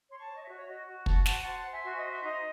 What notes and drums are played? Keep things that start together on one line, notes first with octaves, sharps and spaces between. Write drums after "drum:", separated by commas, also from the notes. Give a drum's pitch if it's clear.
C#5 C6
A5 C#6
C#5
D#5
C#5 E5
F#4
C#5
F#4 D#5
F#4
F#4 F#5 A5, drum: kick
C5 F#5 A5, drum: snare
C5 F#5 A5
C5
E5 G#5
F#4
D#5
C5
E5
D#4 D#5